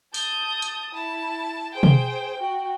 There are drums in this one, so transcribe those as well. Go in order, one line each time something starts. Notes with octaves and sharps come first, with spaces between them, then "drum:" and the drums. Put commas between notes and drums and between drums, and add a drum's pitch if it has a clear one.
A5 D#6 G6, drum: open hi-hat
drum: hi-hat
E4 A5
G#4 C5 G5
drum: tom
F#4 G5